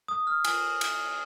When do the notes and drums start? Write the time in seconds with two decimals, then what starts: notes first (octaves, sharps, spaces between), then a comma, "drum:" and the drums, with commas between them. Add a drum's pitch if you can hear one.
0.08 D#6
0.27 F6
0.44 G#5, drum: cymbal
0.81 drum: cymbal